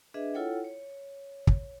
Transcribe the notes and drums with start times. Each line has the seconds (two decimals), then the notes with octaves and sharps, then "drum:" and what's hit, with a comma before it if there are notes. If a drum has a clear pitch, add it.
0.14 D4 G#4 B4 D#5 E5
0.34 E4 F4 A4 C#5 F#5 G5
0.64 C#5
1.47 drum: kick